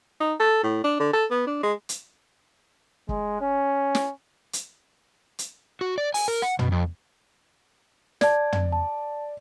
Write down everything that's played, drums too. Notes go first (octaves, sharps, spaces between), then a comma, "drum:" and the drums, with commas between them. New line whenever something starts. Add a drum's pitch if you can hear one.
D#4
A4
A2
D4
D3
A4
B3
D4
G#3
drum: hi-hat
G#3, drum: kick
C#4
drum: snare
drum: hi-hat
drum: hi-hat
F#4
D5
G#5, drum: open hi-hat
A#4
F#5
B2, drum: tom
F2
D5 A5 G#6, drum: snare
drum: tom
A5